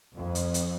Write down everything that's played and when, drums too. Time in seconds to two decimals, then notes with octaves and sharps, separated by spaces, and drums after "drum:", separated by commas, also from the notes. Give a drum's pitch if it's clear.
0.16 F2
0.35 drum: hi-hat
0.54 drum: hi-hat